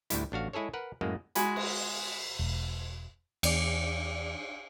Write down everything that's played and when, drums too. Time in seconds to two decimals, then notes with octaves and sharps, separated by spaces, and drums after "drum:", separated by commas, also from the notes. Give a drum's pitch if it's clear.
0.10 D2 A2 G3 E4, drum: hi-hat
0.32 A1 D4 F#4 F5
0.53 G#3 E4 G#4 A4 C#5
0.74 A#4 B4 F#5
1.01 F#2 A2 G#3 A#3
1.35 G#3 F#4 G#5 B5, drum: hi-hat
1.56 drum: cymbal
2.39 E1
3.43 E2 D5 D6, drum: cymbal